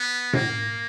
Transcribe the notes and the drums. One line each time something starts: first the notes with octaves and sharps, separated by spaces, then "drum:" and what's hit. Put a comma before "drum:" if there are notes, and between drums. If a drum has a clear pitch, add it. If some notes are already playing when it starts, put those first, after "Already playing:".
Already playing: B3
A#3, drum: tom A2